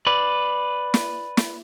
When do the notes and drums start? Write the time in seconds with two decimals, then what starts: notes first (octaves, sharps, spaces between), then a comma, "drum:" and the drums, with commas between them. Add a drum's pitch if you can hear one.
0.07 B4 D5
0.94 drum: snare
1.37 drum: snare